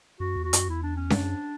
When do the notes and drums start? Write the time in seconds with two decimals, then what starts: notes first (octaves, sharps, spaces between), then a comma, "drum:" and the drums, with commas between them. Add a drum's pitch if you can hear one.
0.20 F#2 F#4
0.36 E2
0.45 F#4
0.53 F#2, drum: hi-hat
0.69 E2 E4
0.83 D4
0.97 C#4
1.10 G#2 D4, drum: snare C#4
1.18 F#2